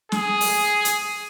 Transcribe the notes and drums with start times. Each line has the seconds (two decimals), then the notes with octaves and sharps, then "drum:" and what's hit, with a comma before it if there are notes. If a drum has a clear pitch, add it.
0.12 G#4, drum: snare
0.41 drum: open hi-hat
0.85 drum: hi-hat